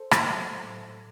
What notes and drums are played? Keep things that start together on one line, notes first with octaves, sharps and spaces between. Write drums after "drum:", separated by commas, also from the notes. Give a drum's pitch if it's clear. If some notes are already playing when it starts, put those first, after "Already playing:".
Already playing: A4 C5
drum: rim click
F#3
A2